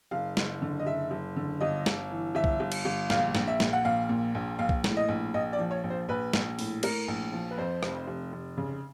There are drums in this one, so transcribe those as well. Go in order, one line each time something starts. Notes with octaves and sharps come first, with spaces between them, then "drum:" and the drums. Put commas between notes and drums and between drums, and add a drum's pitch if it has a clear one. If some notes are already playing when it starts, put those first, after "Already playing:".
F#1 F5
F#1, drum: snare
D3
D#5
F#1 E5
F#1
D3
G1 D#5
G1, drum: snare
E3
G1 E5
drum: kick B1
G1
drum: cymbal
G1
A#1 F5, drum: snare
A#1, drum: snare
E5
A#2, drum: snare
F#5
A#1 F5
A#2
A#1
A#1 F5
drum: kick B1
A2, drum: snare
D#5
A#1
A#1 D#5
D5
F3
C#5
A#1
C5
A#1 B4
A#1, drum: snare
A2, drum: open hi-hat
A2 A#4, drum: cymbal
A#1
F3
B4
F2 C5
F1, drum: rim click
F1
F1
C#3